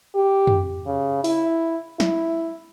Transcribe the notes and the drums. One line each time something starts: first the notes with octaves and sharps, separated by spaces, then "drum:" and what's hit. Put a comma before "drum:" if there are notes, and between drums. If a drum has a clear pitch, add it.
G4
drum: tom
C#3
E4, drum: open hi-hat
E4, drum: snare